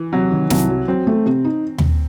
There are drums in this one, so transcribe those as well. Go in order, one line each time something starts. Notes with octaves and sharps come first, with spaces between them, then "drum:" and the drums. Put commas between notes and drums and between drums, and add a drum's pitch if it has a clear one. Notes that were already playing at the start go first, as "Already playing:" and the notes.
Already playing: E3
C3 F#3
D#3
C2 F#3, drum: snare
F#3
F#3 C4
A3
C3
D#4
drum: tom D#2